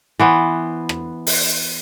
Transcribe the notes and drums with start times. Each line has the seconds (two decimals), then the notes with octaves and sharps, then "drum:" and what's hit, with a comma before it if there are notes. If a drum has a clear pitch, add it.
0.20 E3 B3 C5
0.89 drum: rim click
1.27 drum: open hi-hat